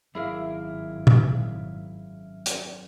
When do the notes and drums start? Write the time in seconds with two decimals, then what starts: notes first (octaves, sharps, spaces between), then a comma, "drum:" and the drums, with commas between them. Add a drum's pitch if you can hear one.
0.15 G#1 F#2 E4 G#4 A#4 E5 F5 D6
1.07 drum: tom A#2
2.46 drum: hi-hat